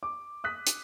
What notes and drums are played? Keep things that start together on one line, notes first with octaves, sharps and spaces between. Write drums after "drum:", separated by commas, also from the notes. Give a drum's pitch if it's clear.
D6
D#6 F#6 B6
drum: hi-hat